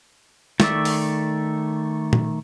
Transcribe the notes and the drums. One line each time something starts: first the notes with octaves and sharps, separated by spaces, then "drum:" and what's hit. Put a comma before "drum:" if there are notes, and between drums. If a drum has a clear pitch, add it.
D#3 A3 D5 E5, drum: snare
drum: open hi-hat
drum: tom A#2